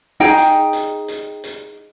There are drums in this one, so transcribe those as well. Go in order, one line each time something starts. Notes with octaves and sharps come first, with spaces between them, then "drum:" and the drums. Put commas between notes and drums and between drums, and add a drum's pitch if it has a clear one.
D#4 G#4 G5
drum: hi-hat
drum: hi-hat
drum: hi-hat
drum: hi-hat